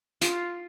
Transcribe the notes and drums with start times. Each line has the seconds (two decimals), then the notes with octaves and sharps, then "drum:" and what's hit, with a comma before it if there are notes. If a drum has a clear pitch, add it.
0.21 F4, drum: hi-hat